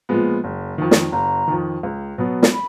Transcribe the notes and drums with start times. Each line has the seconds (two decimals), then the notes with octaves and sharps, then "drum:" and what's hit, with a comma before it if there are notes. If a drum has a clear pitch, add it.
0.09 A#2 F3 G#3 B3
0.44 F#1
0.78 F2 D#3
0.91 drum: snare
1.12 F#1 A#5
1.48 F2 D#3
1.83 C#2
2.18 B2 F#3 B3
2.43 drum: snare
2.53 B5